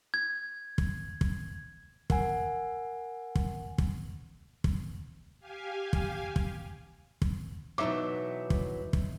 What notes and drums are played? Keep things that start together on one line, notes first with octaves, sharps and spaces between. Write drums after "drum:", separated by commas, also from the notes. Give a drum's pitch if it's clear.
G#6
drum: kick
drum: kick
A#4 F#5 G#5, drum: kick
drum: kick
drum: kick
drum: kick
G4 F5 G#5
drum: kick
drum: kick
drum: kick
B2 E3 F#3 D#4 E5 D6
drum: kick
drum: kick